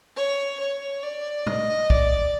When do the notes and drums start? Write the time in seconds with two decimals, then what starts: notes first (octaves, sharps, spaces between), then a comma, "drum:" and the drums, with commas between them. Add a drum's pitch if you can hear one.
0.16 C#5
0.60 C#5
1.03 D5
1.47 D#5, drum: tom
1.90 D5, drum: kick